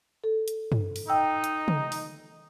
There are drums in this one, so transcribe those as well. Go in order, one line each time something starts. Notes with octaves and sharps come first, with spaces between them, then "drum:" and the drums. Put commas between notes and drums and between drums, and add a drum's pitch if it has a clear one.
A4
drum: hi-hat
drum: tom
drum: open hi-hat
D#4 G5 E6
drum: hi-hat
drum: tom
drum: open hi-hat